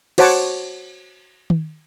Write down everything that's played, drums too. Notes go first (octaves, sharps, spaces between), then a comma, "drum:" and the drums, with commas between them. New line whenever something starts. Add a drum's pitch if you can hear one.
F#4 C5 C#5 F#5 A5 D6, drum: cymbal
drum: tom D#3